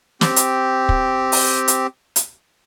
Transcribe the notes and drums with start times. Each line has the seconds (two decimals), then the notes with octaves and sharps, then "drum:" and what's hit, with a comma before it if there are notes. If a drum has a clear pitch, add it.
0.21 C4 G4, drum: snare
0.36 drum: hi-hat
0.89 drum: kick
1.32 drum: open hi-hat
1.68 drum: hi-hat
2.16 drum: hi-hat